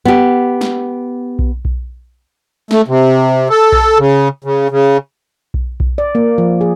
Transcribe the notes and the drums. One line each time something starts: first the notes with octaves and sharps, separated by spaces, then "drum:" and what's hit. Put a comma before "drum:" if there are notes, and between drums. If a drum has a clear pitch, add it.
B3 G4
drum: snare
drum: kick B1
drum: kick B1
A3, drum: snare
C3
A4
drum: kick B1
C#3
C#3
C#3
drum: kick B1
drum: kick B1
D5
A#3
F3
G#4